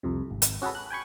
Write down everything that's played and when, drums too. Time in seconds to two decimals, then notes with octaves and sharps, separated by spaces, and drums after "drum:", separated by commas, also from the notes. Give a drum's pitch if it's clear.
0.03 C2 F2 C3
0.31 G#1
0.42 drum: hi-hat
0.62 C#4 F#4 G#4 A4 B4
0.75 F#6
0.90 G5 G#5 B5 C#6